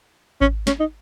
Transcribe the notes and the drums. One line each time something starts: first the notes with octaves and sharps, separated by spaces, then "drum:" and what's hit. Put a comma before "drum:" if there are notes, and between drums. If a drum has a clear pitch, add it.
C#4, drum: kick G#1
C#4, drum: snare
D#4